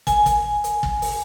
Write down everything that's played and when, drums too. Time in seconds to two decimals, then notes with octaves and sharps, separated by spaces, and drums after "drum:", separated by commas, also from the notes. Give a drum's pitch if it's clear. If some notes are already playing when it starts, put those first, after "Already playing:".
0.07 G#5, drum: kick, hi-hat
0.26 drum: kick, hi-hat
0.64 drum: hi-hat
0.83 drum: kick
1.02 drum: open hi-hat